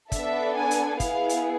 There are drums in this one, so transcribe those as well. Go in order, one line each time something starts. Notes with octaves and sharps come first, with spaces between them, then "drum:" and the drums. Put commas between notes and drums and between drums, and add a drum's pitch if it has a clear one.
B3 D4 A4 E5, drum: kick, hi-hat
G#5
drum: hi-hat
B3 E4 G#4 F5, drum: kick, hi-hat
drum: hi-hat